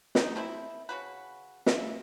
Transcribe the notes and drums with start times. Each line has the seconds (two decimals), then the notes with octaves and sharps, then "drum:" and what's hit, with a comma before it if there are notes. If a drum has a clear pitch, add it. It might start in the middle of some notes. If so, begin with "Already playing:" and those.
0.15 E3 F#3 C4 D#4, drum: snare
0.35 A3 C4 E4
0.89 C#3 F#4 B4
1.66 F4 E5, drum: snare